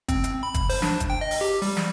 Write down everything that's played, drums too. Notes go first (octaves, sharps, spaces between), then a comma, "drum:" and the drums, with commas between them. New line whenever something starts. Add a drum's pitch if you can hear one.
C4, drum: kick, hi-hat
drum: hi-hat
B5
drum: kick, hi-hat
C5, drum: open hi-hat
D4, drum: snare
drum: kick, hi-hat
G5
D#5
drum: open hi-hat
G4
G3, drum: open hi-hat
drum: snare